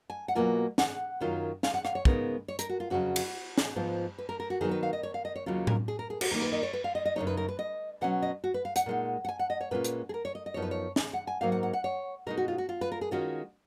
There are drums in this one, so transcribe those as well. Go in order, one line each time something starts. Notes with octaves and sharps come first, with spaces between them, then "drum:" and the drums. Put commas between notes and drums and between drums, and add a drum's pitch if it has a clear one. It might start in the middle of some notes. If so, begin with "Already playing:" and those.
G#5
F#5
B2 F#3 A#3 F4 G#5
F#5, drum: snare
F#2 D#3 F#3 C#4 F4
F5, drum: snare
F#5
F5, drum: rim click
C#5
C#3 G#3 B3 D#4 A#4, drum: kick
C#5
A#4, drum: hi-hat
F#4
F4
F2 C#3 F#3 F#4
drum: cymbal
drum: snare
G#2 F3 B3 F4
B4
A#4
A#4
F#4
D#3 F#3 B3 D#4 G#4
B4
F5
D#5
C#5
F5
D#5
C#5
D#2 C#3 F#3 C#4 F4
A#4, drum: tom A2
G#4
A#4
G#4
F#4, drum: cymbal
D#2 D#3 A#3 D#4 A#4
B4
D#5
C#5
B4
F5
D#5
D#5
F#2 C#3 G#3 D#4 C#5
B4
A#4
B4
D#5
B2 F#3 C#4 F#5
D#5
F#4
B4
F5
F#5, drum: hi-hat
A#2 G#3 D#4
F#5
G#5
F#5
D#5
C#5
A#2 G#3 C#4 F4 B4
drum: hi-hat
G#4
A#4
C#5
D#5
D#5
F#2 F3 B3 D#4 C#5
B4
C#5
drum: snare
F#5
G#5
G#2 F#3 A#3 D#4 F5
F#5
F#5
F#5
C#5
B2 G#3 D#4 A#4
F#4
F4
F#4
F4
B4
A#4
G#4
D#3 G#3 C#4 F4 F#4